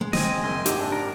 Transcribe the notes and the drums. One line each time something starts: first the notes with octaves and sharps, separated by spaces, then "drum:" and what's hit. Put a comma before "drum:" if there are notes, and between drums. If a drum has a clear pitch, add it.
G#3
C4 D#5 G#5, drum: snare
F#1 C6
G#1 G4 E5, drum: hi-hat
D4
A#4